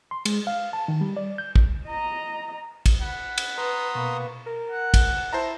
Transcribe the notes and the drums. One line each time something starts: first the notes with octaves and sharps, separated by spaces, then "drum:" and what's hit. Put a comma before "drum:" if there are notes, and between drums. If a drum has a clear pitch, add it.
C6
G#3, drum: cymbal
F5
A5
D#3
G3
D5
G6
drum: kick
D#5 A#5
drum: kick, cymbal
F#5 B5
drum: cymbal
B4 A#5 C6 D#6
B2 A#3 B4 C#6
A#4
F#5
drum: kick, cymbal
E4 C5 A5 A#5